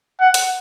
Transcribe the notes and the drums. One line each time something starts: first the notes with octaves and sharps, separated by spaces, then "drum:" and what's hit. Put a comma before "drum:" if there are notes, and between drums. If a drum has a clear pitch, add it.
F#5
drum: hi-hat